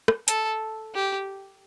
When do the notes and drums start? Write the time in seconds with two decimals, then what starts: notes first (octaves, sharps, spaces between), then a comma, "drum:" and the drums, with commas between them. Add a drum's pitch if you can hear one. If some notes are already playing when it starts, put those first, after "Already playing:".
0.08 drum: rim click
0.28 A4, drum: hi-hat
0.95 G4